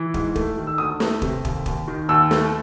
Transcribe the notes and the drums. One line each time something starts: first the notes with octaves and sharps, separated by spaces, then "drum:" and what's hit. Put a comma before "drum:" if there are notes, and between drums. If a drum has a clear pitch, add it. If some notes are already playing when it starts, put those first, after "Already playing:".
Already playing: E3
G#2, drum: kick
A3, drum: kick
D#3
E6
D2 D#6
A3, drum: snare
C3, drum: kick
D#2, drum: kick
D#2, drum: kick
D#3
D#2 E6
A3, drum: snare